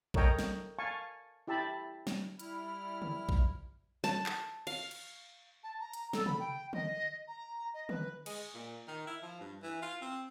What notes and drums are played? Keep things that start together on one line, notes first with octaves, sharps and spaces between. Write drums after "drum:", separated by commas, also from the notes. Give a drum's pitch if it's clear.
A4 A#4 C#5 D#5 G5 A#5, drum: kick
drum: snare
F5 G#5 A5 C#6
E4 G4 E5 A5 B5
drum: snare
G3 E4 F6, drum: hi-hat
drum: tom C#3
drum: kick
A5, drum: snare
drum: clap
F5, drum: cymbal
drum: cymbal
A5
A#5
drum: hi-hat
A4, drum: snare
B5, drum: tom C3
G5
D#5, drum: tom D3
A#5
D#5
B4, drum: tom D3
G#3, drum: cymbal
A#2
D#3
E4
F3
G2
E3
F4
C4